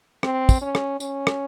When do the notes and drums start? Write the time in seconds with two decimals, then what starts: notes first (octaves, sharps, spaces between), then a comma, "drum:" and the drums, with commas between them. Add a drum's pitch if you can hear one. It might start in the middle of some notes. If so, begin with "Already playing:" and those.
0.23 C4, drum: rim click
0.49 drum: kick, tambourine
0.61 C#4
0.75 drum: rim click
1.00 C#4, drum: tambourine
1.27 drum: rim click